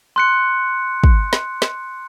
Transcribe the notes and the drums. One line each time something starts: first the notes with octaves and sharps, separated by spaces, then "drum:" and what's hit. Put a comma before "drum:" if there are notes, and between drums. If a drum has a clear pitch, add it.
C6 F#6 C#7
drum: kick
drum: snare
drum: snare